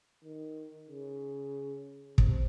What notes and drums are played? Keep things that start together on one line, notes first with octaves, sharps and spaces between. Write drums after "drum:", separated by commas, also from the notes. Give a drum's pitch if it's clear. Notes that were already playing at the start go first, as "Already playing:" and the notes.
D#3
C#3
C3, drum: kick